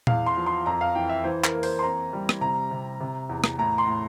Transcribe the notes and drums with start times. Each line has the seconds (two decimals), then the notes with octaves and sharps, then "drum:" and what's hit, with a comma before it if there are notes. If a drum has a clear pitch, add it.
0.07 E2 F5, drum: tom A#2
0.26 C6
0.37 F3
0.47 C6
0.66 F2 A#5
0.81 F5
0.95 E3 G5
1.09 E5
1.24 E3 C5
1.44 A#4, drum: clap
1.54 A#3
1.63 C5, drum: open hi-hat
1.79 C6
1.83 C4 A#5
2.13 G3
2.29 drum: rim click
2.41 C3 A#5
2.71 C3
3.00 C3
3.29 E2
3.44 drum: rim click
3.58 A2 A#5
3.78 C6
3.87 A2